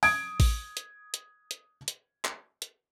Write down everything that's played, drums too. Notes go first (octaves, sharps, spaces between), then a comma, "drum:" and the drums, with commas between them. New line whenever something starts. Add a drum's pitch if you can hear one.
D#6 G#6 D7, drum: open hi-hat
drum: kick A1, open hi-hat
drum: hi-hat
drum: hi-hat
drum: hi-hat
drum: hi-hat
drum: clap
drum: hi-hat